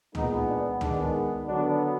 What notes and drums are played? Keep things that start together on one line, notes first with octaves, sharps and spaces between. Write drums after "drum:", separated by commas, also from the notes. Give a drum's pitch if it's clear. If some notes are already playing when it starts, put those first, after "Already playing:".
A#2 G#3 B3 D#4, drum: tom C#2
D4
D#3 G#3 B3 D4, drum: tom C#2
D3 F#3 B3 D4